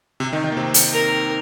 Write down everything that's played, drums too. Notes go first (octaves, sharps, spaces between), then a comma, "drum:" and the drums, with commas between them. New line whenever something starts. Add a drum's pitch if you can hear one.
C3 C4
D#3 D#4
D#3 D#4
A#3
C3 C4
drum: hi-hat
A#4